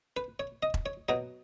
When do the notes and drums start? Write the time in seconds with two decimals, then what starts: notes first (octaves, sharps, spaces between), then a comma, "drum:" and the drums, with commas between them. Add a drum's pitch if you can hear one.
0.17 B4
0.40 C#5
0.63 D#5
0.74 drum: kick E1
0.86 C#5
1.08 B2 F#3 D#5